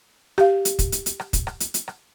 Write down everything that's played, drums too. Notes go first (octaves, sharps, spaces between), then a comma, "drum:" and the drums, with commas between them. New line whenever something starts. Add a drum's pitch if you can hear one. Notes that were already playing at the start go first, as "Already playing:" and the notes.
G4 F5, drum: rim click
drum: hi-hat
drum: kick, hi-hat
drum: hi-hat
drum: hi-hat
drum: rim click
drum: kick, hi-hat
drum: rim click
drum: hi-hat
drum: hi-hat
drum: rim click